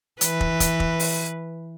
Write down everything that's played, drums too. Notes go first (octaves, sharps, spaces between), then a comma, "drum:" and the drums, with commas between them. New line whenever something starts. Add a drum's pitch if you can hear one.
E3 B4, drum: hi-hat
drum: kick
drum: kick, hi-hat
drum: kick
drum: open hi-hat